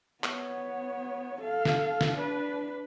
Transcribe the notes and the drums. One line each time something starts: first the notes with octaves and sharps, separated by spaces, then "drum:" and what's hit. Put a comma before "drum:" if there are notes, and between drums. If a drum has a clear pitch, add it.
B3 C#5, drum: clap
A4 F5
drum: snare
drum: snare
D4 B4